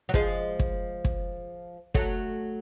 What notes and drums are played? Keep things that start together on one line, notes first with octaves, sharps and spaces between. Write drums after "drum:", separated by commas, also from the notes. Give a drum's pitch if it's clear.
F#3
F3 G#3, drum: kick
drum: kick
drum: kick
F#3 A3, drum: kick